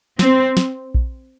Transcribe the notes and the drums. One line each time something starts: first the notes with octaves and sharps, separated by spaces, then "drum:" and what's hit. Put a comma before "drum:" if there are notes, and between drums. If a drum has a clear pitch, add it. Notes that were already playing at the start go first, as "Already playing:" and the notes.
C4, drum: snare
drum: snare
drum: kick A#1